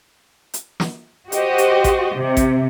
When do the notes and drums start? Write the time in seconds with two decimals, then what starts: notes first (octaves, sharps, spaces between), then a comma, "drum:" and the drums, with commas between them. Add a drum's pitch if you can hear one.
0.54 drum: hi-hat
0.80 drum: snare
1.32 F#4 G4 C5 D#5, drum: hi-hat
1.58 drum: hi-hat
1.84 drum: kick A1, hi-hat
2.16 C3
2.37 drum: kick A1, hi-hat